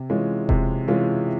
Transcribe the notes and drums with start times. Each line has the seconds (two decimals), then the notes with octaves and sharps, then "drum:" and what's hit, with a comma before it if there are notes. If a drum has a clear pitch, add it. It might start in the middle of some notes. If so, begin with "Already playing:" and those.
Already playing: C3
0.10 E3 G#3 C#4 F4
0.49 C3, drum: kick E1
0.88 E3 G#3 C#4 F4